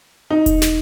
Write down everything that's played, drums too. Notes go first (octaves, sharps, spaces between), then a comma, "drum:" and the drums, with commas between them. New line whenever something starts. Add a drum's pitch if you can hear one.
D#4
drum: kick E1, hi-hat
drum: snare